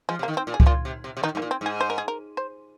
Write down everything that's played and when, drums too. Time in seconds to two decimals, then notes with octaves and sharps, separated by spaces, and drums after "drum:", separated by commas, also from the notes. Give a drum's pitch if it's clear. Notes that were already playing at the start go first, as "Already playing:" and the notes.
0.09 F3 G#3
0.19 C3
0.23 A#3
0.28 D#3
0.37 C4
0.47 A#2
0.54 G#4
0.60 C3, drum: kick C#2
0.66 A#2 F4
0.85 C3
1.04 C3
1.17 C3
1.23 D#3 D#4
1.35 G#2 A#3
1.42 A#2
1.51 C4
1.61 G#2 G#4
1.81 C5
1.90 A#4
1.98 G#4
2.08 A#4
2.37 C5